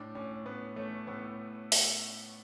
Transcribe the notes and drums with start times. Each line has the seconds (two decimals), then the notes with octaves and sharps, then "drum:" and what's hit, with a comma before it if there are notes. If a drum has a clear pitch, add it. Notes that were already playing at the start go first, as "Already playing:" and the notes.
Already playing: A2 D4
0.15 A2 C#4
0.46 A2 B3
0.76 A3 C#4
1.07 A2 B3
1.72 drum: open hi-hat